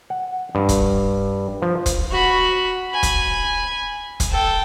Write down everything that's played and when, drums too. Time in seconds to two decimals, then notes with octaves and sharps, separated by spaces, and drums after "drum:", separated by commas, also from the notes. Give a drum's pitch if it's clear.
0.10 F#5
0.55 G2
0.69 drum: kick, hi-hat
1.62 F3
1.86 drum: kick, hi-hat
2.11 F#4 B5
2.91 G#5 B5
3.03 drum: kick, hi-hat
4.20 drum: kick, hi-hat
4.31 A4 G5